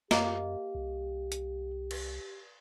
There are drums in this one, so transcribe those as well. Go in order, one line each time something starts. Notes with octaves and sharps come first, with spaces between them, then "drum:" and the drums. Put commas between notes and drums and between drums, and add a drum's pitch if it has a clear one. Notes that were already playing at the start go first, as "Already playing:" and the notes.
F#2 A#3 G4 D#5, drum: snare
C2
drum: hi-hat
drum: cymbal